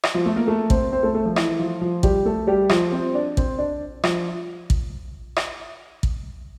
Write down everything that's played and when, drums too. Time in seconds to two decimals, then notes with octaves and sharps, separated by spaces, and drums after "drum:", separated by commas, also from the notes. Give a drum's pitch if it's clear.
0.03 drum: rim click
0.14 F3 F4
0.26 A3 A4
0.36 A#3 A#4
0.47 A3 A4
0.70 C4 C5, drum: kick
0.92 C4 C5
1.03 A3 A4
1.14 A3 A4
1.25 F3 F4
1.36 E3 E4, drum: rim click
1.59 F3 F4
1.81 F3 F4
2.03 G3 G4, drum: kick
2.25 A3 A4
2.47 G3 G4
2.69 F3 F4, drum: rim click
2.92 C4 C5
3.14 D4 D5
3.37 C4 C5, drum: kick
3.58 D4 D5
4.04 F3 F4, drum: rim click
4.70 drum: kick
5.36 drum: rim click
6.03 drum: kick